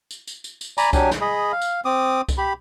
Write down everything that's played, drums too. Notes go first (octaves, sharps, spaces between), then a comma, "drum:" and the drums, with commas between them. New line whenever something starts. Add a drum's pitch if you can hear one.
drum: tambourine
drum: tambourine
drum: tambourine
drum: tambourine
D5 G#5 A#5 B5, drum: tambourine
F#3 D4 G4 G#5, drum: kick C2, tambourine
drum: snare
G#4 D#5 B5
F5
drum: tambourine
C4 D6 D#6
drum: kick C2, tambourine
G4 B5